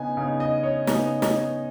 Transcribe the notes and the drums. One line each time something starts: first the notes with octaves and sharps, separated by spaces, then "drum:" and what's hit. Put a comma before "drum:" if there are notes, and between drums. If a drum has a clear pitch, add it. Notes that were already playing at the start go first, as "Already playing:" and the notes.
Already playing: C#3 B3 D#4 G#5
C#3 B3 D#4
D#5
C#5
C#3 B3 D#4 D#5, drum: snare
D#5, drum: snare